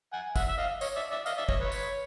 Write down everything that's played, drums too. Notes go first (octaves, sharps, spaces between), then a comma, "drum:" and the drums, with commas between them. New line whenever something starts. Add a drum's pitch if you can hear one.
F#5 G#5
E5 F#5, drum: kick, tambourine
E5
D#5 F5
C#5 D#5, drum: tambourine
D5 E5
D5 E5
D#5 F5, drum: tambourine
D5 E5
C#5 D#5, drum: kick
B4 C#5
drum: tambourine